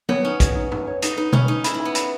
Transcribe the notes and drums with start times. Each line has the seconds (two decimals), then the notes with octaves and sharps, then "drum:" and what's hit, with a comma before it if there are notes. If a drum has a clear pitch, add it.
0.09 B3 C#5, drum: tom
0.25 C#4 D#4
0.40 C#5, drum: kick, hi-hat
0.55 D#4
0.72 D#4, drum: tom
0.87 C#5
1.02 D#4 B4, drum: hi-hat
1.17 D#4 B4
1.33 C#4 B4, drum: tom B2
1.48 D#4 B4
1.64 E4 B5, drum: hi-hat
1.74 E4
1.80 B5
1.85 B3
1.95 B5, drum: hi-hat